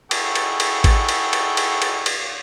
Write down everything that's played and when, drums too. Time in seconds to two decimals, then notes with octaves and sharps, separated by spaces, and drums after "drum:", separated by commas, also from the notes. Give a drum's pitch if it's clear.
0.11 E4 G#4 A4 F#5 G5 C#6, drum: cymbal
0.35 drum: cymbal
0.60 drum: cymbal
0.84 drum: kick G#1, cymbal
1.09 drum: cymbal
1.33 drum: cymbal
1.57 drum: cymbal
1.82 drum: cymbal
2.06 drum: cymbal